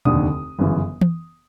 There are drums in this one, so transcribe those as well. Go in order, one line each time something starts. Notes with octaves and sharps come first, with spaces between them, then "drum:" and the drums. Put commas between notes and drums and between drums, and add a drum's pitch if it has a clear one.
F1 D#2 D3 D#6, drum: tom A#2
G1 F#2 C#3 E3
drum: tom E3